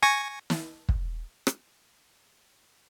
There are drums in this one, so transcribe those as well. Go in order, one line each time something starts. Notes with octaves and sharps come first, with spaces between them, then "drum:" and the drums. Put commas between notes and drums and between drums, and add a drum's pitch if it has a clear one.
G#5 C#6 A#6
drum: snare
drum: kick
drum: rim click